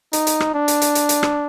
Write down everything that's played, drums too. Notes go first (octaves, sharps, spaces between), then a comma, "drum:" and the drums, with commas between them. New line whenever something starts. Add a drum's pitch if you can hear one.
D#4, drum: hi-hat
drum: hi-hat
drum: rim click
D4
drum: hi-hat
drum: hi-hat
drum: hi-hat
drum: hi-hat
drum: rim click